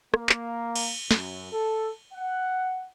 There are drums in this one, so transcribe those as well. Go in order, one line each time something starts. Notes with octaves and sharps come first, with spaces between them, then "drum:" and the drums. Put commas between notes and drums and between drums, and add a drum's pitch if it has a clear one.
A#3, drum: rim click
drum: clap
drum: cymbal
F#2, drum: snare
A4
F#5